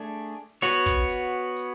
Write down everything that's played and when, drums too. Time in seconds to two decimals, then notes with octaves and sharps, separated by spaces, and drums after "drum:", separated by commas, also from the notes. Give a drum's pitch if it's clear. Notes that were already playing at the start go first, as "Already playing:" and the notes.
Already playing: A3 D4 G#4
0.62 B3 F#4 C#5, drum: hi-hat
0.86 drum: kick, hi-hat
1.09 drum: hi-hat
1.57 drum: hi-hat